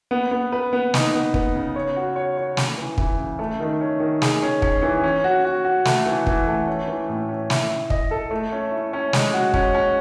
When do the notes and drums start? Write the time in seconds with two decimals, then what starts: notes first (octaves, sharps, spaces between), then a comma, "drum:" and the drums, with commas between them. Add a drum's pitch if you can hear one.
0.11 B3
0.31 B3
0.52 B4
0.73 B3
0.94 D#4, drum: snare
1.14 B3
1.34 B3, drum: kick
1.55 C#3
1.76 C#5
1.96 F#4
2.16 C#5
2.37 C#5
2.57 C#3, drum: snare
2.77 E3
2.98 E3, drum: kick
3.18 C#3
3.39 A3
3.60 D#3
3.81 C#4
4.00 D#3
4.22 G#4, drum: snare
4.42 C#4
4.62 C#4, drum: kick
4.83 E3
5.03 C#4
5.24 F#4
5.45 F#4
5.65 F#4
5.85 A3, drum: snare
6.06 E3
6.27 E3, drum: kick
6.47 A3
6.67 C#4
6.88 E3
7.09 A2
7.29 C#4
7.50 E4, drum: snare
7.70 E4
7.90 D#5, drum: kick
8.11 A4
8.31 A3
8.52 C#4
8.72 E4
8.93 C#4
9.13 G#3, drum: snare
9.33 F#4
9.54 C#4, drum: kick
9.75 C#4